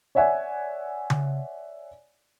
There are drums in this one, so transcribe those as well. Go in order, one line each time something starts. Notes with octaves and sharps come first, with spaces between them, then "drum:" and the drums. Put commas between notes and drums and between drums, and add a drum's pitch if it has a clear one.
C#5 D5 E5 F#5 G#5
drum: tom C#3